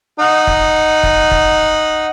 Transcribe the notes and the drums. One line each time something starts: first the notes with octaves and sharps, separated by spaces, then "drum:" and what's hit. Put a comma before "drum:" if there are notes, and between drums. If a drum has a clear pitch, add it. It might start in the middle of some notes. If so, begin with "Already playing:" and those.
D#4 F#5
drum: kick
drum: kick
drum: kick